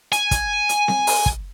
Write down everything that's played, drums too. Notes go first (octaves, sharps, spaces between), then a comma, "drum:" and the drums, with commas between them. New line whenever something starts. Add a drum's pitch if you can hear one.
G#5, drum: hi-hat
drum: kick, hi-hat
drum: hi-hat
drum: snare C4
drum: open hi-hat
drum: kick